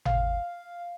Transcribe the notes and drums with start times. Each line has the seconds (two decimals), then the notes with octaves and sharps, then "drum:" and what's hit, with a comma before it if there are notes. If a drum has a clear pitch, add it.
0.05 F5, drum: tom G#1